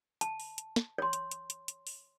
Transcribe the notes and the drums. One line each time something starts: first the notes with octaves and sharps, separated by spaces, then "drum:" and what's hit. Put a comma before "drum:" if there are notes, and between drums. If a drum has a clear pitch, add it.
A5, drum: hi-hat
drum: open hi-hat
drum: hi-hat
drum: snare
C#5 C6
drum: hi-hat
drum: hi-hat
drum: hi-hat
drum: hi-hat
drum: open hi-hat